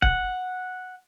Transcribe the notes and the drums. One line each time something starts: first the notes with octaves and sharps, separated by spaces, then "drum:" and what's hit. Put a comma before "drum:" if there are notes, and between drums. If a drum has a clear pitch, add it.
F#5, drum: kick C#1